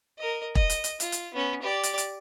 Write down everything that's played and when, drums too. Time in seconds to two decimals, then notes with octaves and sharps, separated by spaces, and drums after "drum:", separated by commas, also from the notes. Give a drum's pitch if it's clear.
0.18 A#4 D#5
0.55 D#5, drum: kick E1
0.70 drum: hi-hat
0.84 drum: hi-hat
1.00 F4, drum: hi-hat
1.12 drum: hi-hat
1.34 B3 C#4
1.62 G4 D5
1.83 drum: hi-hat
1.98 drum: hi-hat